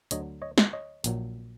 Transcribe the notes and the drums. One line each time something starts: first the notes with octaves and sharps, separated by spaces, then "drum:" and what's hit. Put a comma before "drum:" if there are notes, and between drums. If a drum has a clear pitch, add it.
D2 D3 F#3 C#5 D#5, drum: hi-hat
C#5 D#5
drum: snare
C#5 D#5
A#1 A#2 F#3, drum: hi-hat